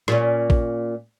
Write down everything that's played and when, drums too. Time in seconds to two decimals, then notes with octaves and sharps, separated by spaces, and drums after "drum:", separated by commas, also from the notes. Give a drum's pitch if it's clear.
0.08 A#2 C#4, drum: rim click
0.50 drum: kick A1